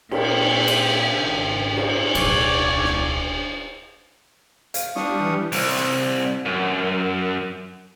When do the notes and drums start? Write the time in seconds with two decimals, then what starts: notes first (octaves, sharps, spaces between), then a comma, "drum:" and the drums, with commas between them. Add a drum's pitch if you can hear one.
0.11 A#2 C4 G4 A#4 E5, drum: cymbal
0.68 drum: cymbal
1.16 G#1 C#3
1.76 drum: cymbal
2.15 D1 B1 C#5 D5, drum: cymbal
2.84 drum: snare
4.74 F5, drum: hi-hat
4.96 G3 D4 C#6 D#6, drum: snare
5.21 E3
5.52 C2, drum: open hi-hat
6.45 F#2